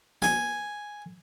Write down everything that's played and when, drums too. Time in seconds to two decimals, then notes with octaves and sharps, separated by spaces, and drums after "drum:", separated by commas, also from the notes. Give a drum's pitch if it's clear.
0.22 G#5, drum: snare